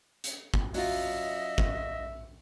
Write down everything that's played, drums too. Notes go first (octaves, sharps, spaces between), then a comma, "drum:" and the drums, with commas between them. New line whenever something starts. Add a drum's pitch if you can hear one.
drum: hi-hat
drum: kick
F#3 C#4 F4 D#5 E5, drum: open hi-hat
drum: kick